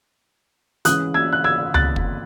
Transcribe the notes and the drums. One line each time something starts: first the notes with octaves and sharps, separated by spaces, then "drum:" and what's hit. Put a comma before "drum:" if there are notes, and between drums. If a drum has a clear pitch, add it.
E3 G#3 C#4 D#6 F#6, drum: hi-hat
E6 G#6
F#6
E6 G#6
F#6 A6, drum: tom C#2
drum: kick